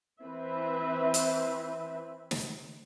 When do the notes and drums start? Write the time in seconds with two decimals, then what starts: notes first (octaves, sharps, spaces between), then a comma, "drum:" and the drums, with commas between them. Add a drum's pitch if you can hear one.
0.24 E3 C4 B4 E5
1.14 drum: hi-hat
2.31 drum: snare